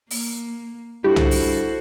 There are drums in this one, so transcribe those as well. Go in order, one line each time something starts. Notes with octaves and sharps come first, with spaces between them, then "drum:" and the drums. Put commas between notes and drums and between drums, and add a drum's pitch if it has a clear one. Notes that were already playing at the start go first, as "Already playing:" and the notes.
A#3, drum: open hi-hat
G2 E4 F#4 G4 A4 C5
drum: tom C2
drum: open hi-hat